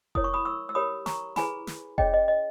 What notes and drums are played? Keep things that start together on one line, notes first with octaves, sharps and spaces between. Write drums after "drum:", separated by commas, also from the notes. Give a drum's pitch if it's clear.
E4 A#4 C#5 D#6, drum: kick F1
C#6
B5 D#6
C#6 E6
E6
G4 A#4 C#5 B5 D#6
A#5 C#6, drum: snare
E4 G#4 B4 G#5 B5, drum: snare
drum: snare
C#4 G#4 C#5 D#5 G5, drum: kick F1
D#5
D#5